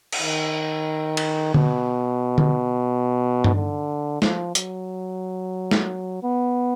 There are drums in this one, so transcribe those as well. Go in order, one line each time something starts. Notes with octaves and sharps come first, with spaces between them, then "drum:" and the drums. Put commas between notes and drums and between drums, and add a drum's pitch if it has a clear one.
drum: cymbal
D#3
drum: cymbal
B2, drum: tom D3
drum: tom D3
drum: tom G2
D3
F3, drum: snare
F#3, drum: hi-hat
drum: snare
B3